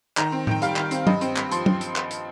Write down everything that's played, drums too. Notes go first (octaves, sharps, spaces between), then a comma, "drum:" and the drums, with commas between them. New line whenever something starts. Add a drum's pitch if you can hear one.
D#3 A#5, drum: clap
C4
D#3 G5, drum: tom A2
G3 F5, drum: hi-hat
D#3, drum: clap
C4, drum: hi-hat
G2 D#5, drum: tom F#3
C4, drum: hi-hat
G2, drum: clap
F3 C6, drum: hi-hat
drum: tom F#3
drum: hi-hat
drum: clap
drum: hi-hat